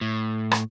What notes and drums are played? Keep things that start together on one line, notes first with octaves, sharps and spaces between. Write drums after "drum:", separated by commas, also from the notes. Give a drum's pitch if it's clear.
A2
drum: rim click